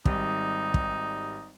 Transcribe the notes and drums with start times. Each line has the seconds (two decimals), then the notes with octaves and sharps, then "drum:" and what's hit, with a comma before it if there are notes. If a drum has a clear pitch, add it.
0.06 G#1 G3 D#4, drum: kick
0.74 drum: kick